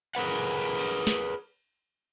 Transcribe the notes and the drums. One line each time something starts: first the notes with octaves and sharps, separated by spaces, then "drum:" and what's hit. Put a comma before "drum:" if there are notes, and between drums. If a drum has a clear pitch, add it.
G#4 A#4 B4 F#5, drum: hi-hat
drum: cymbal
drum: snare